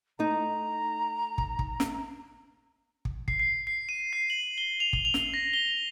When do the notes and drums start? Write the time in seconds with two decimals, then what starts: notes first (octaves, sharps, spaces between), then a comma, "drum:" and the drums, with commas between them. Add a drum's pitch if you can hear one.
0.19 A3 D#4 A#5
1.38 drum: kick
1.59 drum: kick
1.80 drum: snare
3.05 drum: kick
3.28 C7, drum: kick
3.40 C7
3.67 C7
3.89 D#7
4.13 C7
4.30 F#7
4.58 G7
4.80 F7
4.93 drum: kick
5.05 F7
5.14 drum: snare
5.34 A#6
5.53 G7